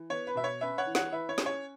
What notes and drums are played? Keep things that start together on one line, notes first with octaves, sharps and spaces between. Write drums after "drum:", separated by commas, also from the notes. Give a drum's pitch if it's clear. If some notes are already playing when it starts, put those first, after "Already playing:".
Already playing: E3
B3 C#5
B4
B2 E5
C#5
C#4 B4 E5
C#5 F#5
E3
C#5 F#5, drum: snare
E3 B4 E5
C#5
C#4, drum: snare
C#5